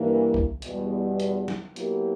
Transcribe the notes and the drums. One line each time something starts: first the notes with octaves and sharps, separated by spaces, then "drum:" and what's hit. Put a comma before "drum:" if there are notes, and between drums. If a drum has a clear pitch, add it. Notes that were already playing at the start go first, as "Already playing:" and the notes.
Already playing: G2 E3 A#3
drum: kick C2
E2 B2 G3, drum: hi-hat
drum: hi-hat
drum: snare
B2 F#3 A#3 E4 G4, drum: hi-hat